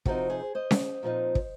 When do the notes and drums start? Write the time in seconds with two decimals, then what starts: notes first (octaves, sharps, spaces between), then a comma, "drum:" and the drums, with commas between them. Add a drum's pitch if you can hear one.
0.06 C3 F3 C4 D#4 F#4 A#4, drum: kick
0.30 G#4 C5
0.55 C5 D#5
0.71 drum: snare C#4
1.03 A#2 F3 C4 D#4
1.35 drum: kick